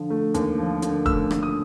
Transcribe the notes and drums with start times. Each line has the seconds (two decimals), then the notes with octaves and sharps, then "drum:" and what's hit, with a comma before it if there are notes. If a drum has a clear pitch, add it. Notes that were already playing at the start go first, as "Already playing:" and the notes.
Already playing: D3 F3
0.10 A3
0.34 D#2, drum: hi-hat
0.58 F3
0.82 D3, drum: hi-hat
1.06 A3 E6, drum: kick
1.31 D#2, drum: rim click
1.43 D#6